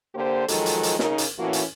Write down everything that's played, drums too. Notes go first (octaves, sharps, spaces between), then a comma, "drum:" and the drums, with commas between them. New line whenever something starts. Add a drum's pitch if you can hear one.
D3 A#3 G4 C5
D#3 F3 F#3 G#3 A4, drum: hi-hat
drum: hi-hat
drum: hi-hat
C#3 D#4 A#4, drum: snare
drum: hi-hat
A2 E3 A#3 C#4 F#4
drum: hi-hat